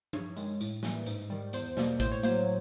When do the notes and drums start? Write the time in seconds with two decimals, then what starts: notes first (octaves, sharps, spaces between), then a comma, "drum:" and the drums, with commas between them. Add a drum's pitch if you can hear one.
0.13 G2 C#5, drum: tom F3
0.37 D#3 G#3, drum: hi-hat
0.61 A2, drum: hi-hat
0.83 E3 G3 A#3, drum: snare
1.06 G#2, drum: hi-hat
1.30 D#3 G3
1.53 E2 C5, drum: hi-hat
1.77 B2 G3 A#3, drum: snare
2.00 A2 C5, drum: kick, hi-hat
2.12 C#5
2.23 F#3 A#3 C5, drum: hi-hat